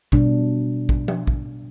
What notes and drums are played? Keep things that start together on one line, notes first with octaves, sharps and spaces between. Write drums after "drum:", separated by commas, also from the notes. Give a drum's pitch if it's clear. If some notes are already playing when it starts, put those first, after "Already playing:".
B2 G3 D4, drum: kick
drum: kick
drum: tom F3
drum: kick